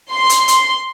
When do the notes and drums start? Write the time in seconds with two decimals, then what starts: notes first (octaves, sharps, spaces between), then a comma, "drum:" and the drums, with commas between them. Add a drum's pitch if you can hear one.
0.11 C6
0.29 drum: hi-hat
0.48 drum: hi-hat